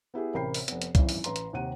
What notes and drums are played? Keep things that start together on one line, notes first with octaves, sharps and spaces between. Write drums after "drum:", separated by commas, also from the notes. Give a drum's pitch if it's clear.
B3 E4 G4 G#4
A1 C3 A#4 G5 B5 C7
drum: open hi-hat
F1 B3, drum: hi-hat
drum: hi-hat
G#1 F#2 E3, drum: kick C2, hi-hat
drum: open hi-hat
A1 B4 A#5 C6, drum: hi-hat
drum: hi-hat
D#2 C3 F#5 D#7